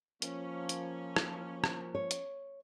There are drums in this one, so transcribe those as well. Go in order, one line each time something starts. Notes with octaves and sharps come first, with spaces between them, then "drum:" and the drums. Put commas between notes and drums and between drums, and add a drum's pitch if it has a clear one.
F3 A#3 C#4, drum: hi-hat
drum: hi-hat
drum: rim click
drum: rim click
C#5
drum: hi-hat